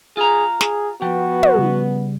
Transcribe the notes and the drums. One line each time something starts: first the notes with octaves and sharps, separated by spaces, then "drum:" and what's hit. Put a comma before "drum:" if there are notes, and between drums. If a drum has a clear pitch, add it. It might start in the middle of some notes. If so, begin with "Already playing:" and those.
F4 G#4 A#5
G#4, drum: snare
F3 B3 F#4 G5
drum: tom
C#3 G3